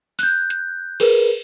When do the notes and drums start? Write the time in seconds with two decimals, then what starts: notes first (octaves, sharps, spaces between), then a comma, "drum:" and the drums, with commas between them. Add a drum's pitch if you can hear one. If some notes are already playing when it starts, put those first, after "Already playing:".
0.19 F#6 G6, drum: open hi-hat
0.50 drum: hi-hat
1.00 G#4 A#4 B4, drum: cymbal